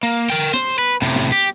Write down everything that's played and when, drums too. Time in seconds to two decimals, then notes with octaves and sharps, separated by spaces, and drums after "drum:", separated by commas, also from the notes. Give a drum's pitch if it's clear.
0.03 A#3
0.30 A#4 G5
0.54 C5, drum: snare
0.69 drum: tambourine
0.78 B4
1.02 A2 C3, drum: snare
1.16 drum: snare
1.32 G4, drum: tambourine